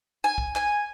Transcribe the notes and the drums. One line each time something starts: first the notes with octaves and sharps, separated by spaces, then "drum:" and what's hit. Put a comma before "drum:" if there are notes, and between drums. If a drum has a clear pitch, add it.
G#5
drum: kick
G#5, drum: clap